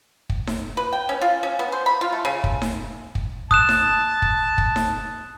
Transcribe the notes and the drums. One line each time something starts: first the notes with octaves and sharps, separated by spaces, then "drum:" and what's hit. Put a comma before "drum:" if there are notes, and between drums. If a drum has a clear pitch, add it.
drum: kick
drum: snare D#4
B4
G5
C#4
F4
C#4
B3
C5
B5
F4
A3
C#3
drum: kick
drum: snare D#4
drum: kick
A5 D#6 F#6 E7, drum: kick
drum: snare D#4
drum: kick
drum: kick
drum: snare D#4